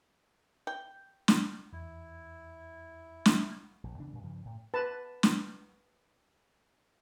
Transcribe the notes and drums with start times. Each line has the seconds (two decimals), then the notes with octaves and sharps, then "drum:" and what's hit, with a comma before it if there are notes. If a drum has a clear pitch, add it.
0.67 G5
1.28 drum: snare
1.73 E2 E4
3.26 drum: snare
3.84 A#1
3.98 E2 C#3 E3 D4
4.11 A#2 G3
4.23 G2 C#3 F3
4.45 A2
4.74 B4 A5
5.23 drum: snare